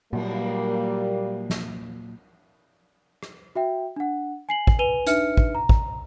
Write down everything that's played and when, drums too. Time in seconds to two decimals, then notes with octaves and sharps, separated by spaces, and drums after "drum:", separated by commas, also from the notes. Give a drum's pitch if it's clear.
0.13 A#2 F#3 G3 A#3, drum: cymbal
1.50 drum: snare
3.23 drum: rim click
3.56 F#4 E5 G5
3.96 D4 F#5
4.49 G#5 C7 F#7
4.67 drum: kick
4.79 B4 G#5 D#7 F7 G7
5.07 D4 D#4 B4 E5 F6 C#7, drum: hi-hat
5.37 drum: kick
5.55 A#5
5.69 drum: kick